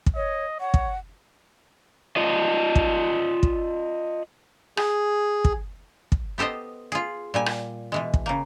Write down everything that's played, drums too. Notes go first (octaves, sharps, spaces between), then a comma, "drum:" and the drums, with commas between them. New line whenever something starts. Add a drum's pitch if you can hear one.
drum: kick
C#5 D#5
C#5 F#5
drum: kick
F4 D5 D#5
drum: kick
drum: kick
G#4, drum: rim click
drum: kick
drum: kick
B3 G4 A4 C5 D#5
F4 G#4
A#2 G3 G#5
drum: rim click
B2 E3 G#3
drum: kick
C#3 A#3